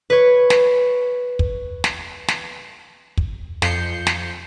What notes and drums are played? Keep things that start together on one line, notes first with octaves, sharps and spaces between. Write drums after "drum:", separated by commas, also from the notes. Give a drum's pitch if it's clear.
B4 C#5
drum: snare
drum: kick
drum: snare
drum: snare
drum: kick
F2 F3 G6 C7 C#7, drum: snare
drum: snare